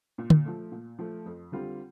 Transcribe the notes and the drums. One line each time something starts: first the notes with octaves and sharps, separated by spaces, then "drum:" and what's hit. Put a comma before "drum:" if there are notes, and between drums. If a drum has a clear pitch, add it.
A#2
drum: tom
F3 A3
A#2
F3 A3
F2
D3 G3 C4 F4